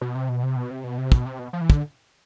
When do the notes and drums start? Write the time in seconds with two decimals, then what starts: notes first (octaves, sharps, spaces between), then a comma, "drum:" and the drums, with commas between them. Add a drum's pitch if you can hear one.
0.01 B2
0.15 C3
0.29 B2
0.43 C3
0.56 B2
0.71 C3
0.84 B2
0.98 C3
1.12 B2, drum: kick
1.26 C3
1.39 B2
1.53 F3
1.61 E3
1.70 D3, drum: kick